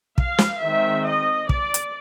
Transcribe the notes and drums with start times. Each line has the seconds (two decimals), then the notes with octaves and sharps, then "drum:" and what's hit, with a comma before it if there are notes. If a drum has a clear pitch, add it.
0.18 F5, drum: kick
0.38 drum: snare
0.61 D#3 G#3 C4 E5
1.06 D#5
1.49 D5, drum: kick
1.74 drum: hi-hat